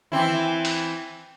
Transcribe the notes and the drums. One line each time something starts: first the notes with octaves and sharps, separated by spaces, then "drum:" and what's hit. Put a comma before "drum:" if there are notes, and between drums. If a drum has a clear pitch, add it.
E3 C4 E4
drum: open hi-hat